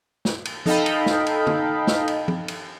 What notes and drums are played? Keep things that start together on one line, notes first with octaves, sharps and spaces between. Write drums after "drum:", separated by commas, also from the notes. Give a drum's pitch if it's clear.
drum: snare
drum: cymbal
D#4 A4 D#5 F5 G5 B5, drum: tom F3
drum: cymbal
drum: snare
drum: cymbal
drum: tom
drum: snare
drum: cymbal
drum: tom F3
drum: cymbal